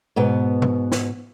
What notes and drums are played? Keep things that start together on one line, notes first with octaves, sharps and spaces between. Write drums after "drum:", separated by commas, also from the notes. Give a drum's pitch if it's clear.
G#2 B2 B3
drum: tom B2
drum: snare